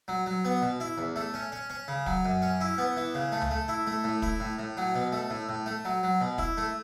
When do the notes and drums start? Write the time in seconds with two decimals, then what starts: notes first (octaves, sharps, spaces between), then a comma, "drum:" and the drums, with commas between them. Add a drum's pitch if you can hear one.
0.08 F#3
0.26 F#3
0.45 B3
0.62 B2
0.80 E4
0.98 E2
1.16 A3
1.34 C#4
1.52 C#4
1.70 C#4
1.88 C#3
2.06 F#3, drum: kick
2.25 F#2
2.42 C#4
2.61 E4
2.78 B3
2.97 E3
3.15 C#3
3.32 A3
3.42 drum: tom C#2
3.51 A3
3.68 E4
3.87 A3
4.04 A2
4.22 E4, drum: kick
4.40 A2
4.59 A2
4.77 F#3
4.95 B2
5.12 A3
5.30 A2
5.49 A2
5.66 A3
5.85 F#3
6.03 F#3
6.21 B2
6.38 E4, drum: kick
6.57 A3